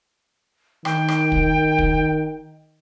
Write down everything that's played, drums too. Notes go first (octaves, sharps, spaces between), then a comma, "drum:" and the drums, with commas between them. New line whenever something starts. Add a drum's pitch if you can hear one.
D#3 G5, drum: rim click
drum: rim click
drum: kick
drum: kick